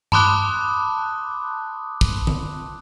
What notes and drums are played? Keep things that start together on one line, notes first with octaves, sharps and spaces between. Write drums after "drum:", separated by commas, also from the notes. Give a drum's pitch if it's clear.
A5 B5 C6 D6 D#6 F#6, drum: tom G2
drum: kick
drum: tom D3